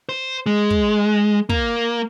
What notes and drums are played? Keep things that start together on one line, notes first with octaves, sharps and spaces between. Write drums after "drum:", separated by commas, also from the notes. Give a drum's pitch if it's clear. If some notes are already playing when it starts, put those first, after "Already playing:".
C5
G#3
drum: kick
A#3, drum: kick